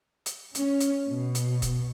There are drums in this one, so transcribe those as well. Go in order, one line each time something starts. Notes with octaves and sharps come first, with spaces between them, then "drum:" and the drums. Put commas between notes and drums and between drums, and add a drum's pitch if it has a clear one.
drum: hi-hat
C#4, drum: hi-hat
drum: hi-hat
B2
drum: hi-hat
drum: kick, hi-hat